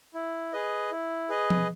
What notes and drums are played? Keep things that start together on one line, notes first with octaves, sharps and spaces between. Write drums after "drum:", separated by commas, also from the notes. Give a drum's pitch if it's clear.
E4
G#4 B4 D#5
E4
G#4 B4 D#5
drum: tom F3